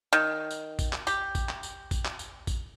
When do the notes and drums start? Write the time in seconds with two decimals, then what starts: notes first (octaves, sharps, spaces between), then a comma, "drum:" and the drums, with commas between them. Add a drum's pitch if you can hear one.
0.13 D#3
0.51 drum: tambourine
0.79 drum: kick A1, tambourine
0.93 drum: clap
1.07 G4, drum: tambourine
1.35 drum: kick A1, tambourine
1.49 drum: clap
1.63 drum: tambourine
1.91 drum: kick A1, tambourine
2.05 drum: clap
2.19 drum: tambourine
2.47 drum: kick A1, tambourine